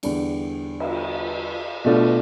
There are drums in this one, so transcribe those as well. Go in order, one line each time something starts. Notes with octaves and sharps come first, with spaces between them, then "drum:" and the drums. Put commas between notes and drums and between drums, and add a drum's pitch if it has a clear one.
E2 D3 G3 D4, drum: cymbal
drum: cymbal
B2 A3 D4 F4